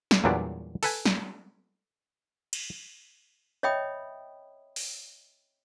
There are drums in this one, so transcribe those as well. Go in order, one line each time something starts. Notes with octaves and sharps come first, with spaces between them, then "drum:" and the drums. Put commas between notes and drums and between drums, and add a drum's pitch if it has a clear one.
drum: snare
E2 A#2 F#3 G3 B3 D4
A4 B4 G#5, drum: open hi-hat
drum: snare
drum: cymbal
C#5 D#5 E5 G5 B5 D#6
drum: open hi-hat